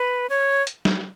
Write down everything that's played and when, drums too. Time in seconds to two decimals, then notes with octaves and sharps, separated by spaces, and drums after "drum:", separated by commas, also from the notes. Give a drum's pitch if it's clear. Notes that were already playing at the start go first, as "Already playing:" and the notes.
Already playing: B4
0.30 C#5
0.67 drum: hi-hat
0.85 drum: snare